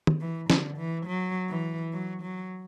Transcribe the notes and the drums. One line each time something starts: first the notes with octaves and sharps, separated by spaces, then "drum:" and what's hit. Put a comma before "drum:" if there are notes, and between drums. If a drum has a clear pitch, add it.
drum: tom
E3
D3, drum: snare
E3
F#3
E3
F#3
F#3